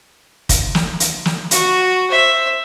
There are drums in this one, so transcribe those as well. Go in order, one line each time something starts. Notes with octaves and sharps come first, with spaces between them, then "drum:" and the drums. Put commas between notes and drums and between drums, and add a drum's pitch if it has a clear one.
drum: kick, hi-hat
drum: snare
drum: hi-hat
drum: snare
F#4, drum: hi-hat
C5 E5